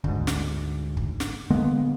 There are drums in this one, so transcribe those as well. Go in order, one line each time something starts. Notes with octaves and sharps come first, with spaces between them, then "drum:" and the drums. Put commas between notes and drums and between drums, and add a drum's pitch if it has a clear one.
D2 G#2, drum: kick
drum: snare
drum: kick
drum: snare
D3 G#3 A#3 B3